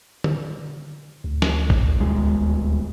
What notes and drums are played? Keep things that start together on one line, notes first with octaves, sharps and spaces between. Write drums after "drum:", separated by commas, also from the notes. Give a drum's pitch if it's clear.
drum: tom D3
D2
drum: snare
drum: kick A1
D#1 G#3